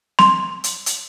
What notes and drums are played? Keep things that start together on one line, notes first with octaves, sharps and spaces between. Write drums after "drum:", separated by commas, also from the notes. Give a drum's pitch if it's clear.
C6, drum: snare
drum: hi-hat
drum: hi-hat